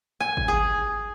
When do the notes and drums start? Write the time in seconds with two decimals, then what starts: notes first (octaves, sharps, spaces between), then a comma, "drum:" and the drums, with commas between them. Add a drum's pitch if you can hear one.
0.20 G#5
0.37 drum: kick G#1
0.48 G#4